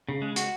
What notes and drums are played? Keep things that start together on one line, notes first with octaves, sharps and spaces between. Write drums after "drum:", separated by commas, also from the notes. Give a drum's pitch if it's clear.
C#3
G#3
F#4, drum: hi-hat